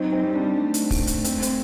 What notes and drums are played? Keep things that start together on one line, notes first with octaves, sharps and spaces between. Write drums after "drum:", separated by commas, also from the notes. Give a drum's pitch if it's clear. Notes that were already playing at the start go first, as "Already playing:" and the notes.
Already playing: F#3 C4 D#4
C4
G3
D4
A3
drum: hi-hat
drum: kick, open hi-hat
drum: hi-hat
C4, drum: hi-hat
C4, drum: hi-hat